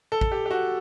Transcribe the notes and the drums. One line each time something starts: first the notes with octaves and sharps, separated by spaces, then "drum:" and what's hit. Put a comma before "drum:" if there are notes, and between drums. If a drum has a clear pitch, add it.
A4
drum: kick A1
G4
G4
F#4